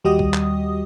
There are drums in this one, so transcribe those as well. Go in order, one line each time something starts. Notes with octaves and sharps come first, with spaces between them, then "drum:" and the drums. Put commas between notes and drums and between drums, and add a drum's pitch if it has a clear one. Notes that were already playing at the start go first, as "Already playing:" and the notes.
D#2 G3 F#4 G4 D#5 D#6
drum: kick
drum: clap